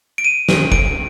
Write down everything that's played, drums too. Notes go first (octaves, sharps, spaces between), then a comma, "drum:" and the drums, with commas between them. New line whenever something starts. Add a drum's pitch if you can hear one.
D7
D#7
drum: snare
D7, drum: kick